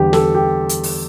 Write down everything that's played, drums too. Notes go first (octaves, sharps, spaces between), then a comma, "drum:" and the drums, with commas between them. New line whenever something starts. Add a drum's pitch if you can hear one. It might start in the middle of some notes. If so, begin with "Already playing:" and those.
Already playing: E2 D3 G3 G4
A4, drum: snare
G4
drum: hi-hat
drum: open hi-hat